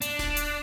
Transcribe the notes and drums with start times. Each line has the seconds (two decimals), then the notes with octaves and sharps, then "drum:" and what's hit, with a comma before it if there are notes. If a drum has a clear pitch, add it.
0.02 D4, drum: hi-hat
0.19 drum: snare D#1
0.37 drum: hi-hat